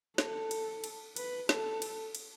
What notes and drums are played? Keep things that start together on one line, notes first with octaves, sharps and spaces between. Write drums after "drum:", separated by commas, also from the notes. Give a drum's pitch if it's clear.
A4, drum: snare
drum: cymbal
drum: cymbal
B4, drum: cymbal
A4, drum: snare
drum: cymbal
drum: cymbal